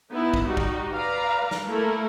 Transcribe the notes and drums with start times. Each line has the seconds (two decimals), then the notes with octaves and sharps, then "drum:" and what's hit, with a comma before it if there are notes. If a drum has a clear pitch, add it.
0.10 B3 D#4 E4
0.34 drum: kick
0.45 G3 D#4 F#4
0.57 drum: kick
0.94 B4 D5 F5 A#5
1.51 drum: snare
1.66 A3 A#3 E4 A4 A#4